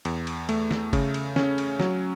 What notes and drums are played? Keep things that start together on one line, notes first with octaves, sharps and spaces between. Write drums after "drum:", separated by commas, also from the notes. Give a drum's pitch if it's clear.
E2, drum: cymbal
drum: cymbal
A3, drum: cymbal
drum: snare
C#3, drum: kick G1, cymbal
drum: cymbal
C#4, drum: snare
drum: cymbal
F#3, drum: snare